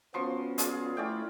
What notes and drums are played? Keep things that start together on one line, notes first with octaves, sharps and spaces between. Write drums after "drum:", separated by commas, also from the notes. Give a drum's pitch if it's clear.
F3 B3 C#4 F#4 C6 C#6
F4 G#4 D5, drum: hi-hat
A3 C#4 E4 D5 G5